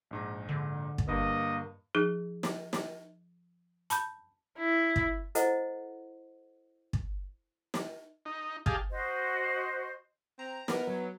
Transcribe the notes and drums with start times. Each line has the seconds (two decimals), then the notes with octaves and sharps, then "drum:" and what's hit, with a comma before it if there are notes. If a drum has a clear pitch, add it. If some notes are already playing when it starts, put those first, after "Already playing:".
0.11 A#1 G#2 A#5
0.49 D3
0.98 drum: kick
1.08 G2 A#3 D#5
1.95 F3 D#4 G#4
2.43 drum: snare
2.73 drum: snare
3.90 A5 B5 G6, drum: hi-hat
4.59 E4
4.96 drum: kick
5.35 E4 A4 A#4 C5 D#5 F#5, drum: hi-hat
6.93 drum: kick
7.74 drum: snare
8.25 D#4
8.66 G4 G#4 D#5 F5 A5, drum: kick
8.90 F#4 C5 D#5
10.39 C4 A#5
10.68 B3 A#4, drum: snare
10.87 F#3